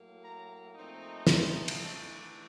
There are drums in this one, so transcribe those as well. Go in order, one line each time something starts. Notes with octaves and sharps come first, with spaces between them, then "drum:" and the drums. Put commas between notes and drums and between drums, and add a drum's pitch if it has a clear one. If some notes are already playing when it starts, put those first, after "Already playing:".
Already playing: A2 F#3 A#3
A#5
A#2 F3 A3 C4 D#4
A5, drum: snare
drum: cymbal
E3 A3 D4